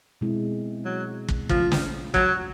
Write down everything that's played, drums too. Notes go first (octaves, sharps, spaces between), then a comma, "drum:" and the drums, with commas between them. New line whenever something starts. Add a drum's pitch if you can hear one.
B2 G#3 C4 E4
F#3
drum: kick
C#3 F3 F#3 A3, drum: kick
drum: snare
F#3, drum: kick